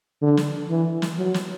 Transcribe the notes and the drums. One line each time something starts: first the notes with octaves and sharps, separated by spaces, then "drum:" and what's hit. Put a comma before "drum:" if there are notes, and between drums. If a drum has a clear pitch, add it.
D3
drum: snare
E3
drum: snare
F#3
drum: snare